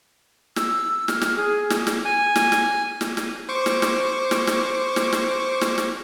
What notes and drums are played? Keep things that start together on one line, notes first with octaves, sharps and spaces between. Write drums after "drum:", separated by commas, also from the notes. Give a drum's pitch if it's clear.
E6, drum: snare
F6, drum: snare
drum: snare
G#4
drum: snare
drum: snare
G#5
drum: snare
drum: snare
drum: snare
drum: snare
C5 C#6 D6
drum: snare
drum: snare
drum: snare
drum: snare
drum: snare
drum: snare
drum: snare
drum: snare